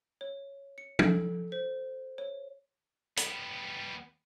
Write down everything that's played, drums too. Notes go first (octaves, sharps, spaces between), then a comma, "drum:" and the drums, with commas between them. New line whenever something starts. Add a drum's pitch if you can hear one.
C#5
C#7
A4, drum: tom
C5
C#5
G3 B3, drum: hi-hat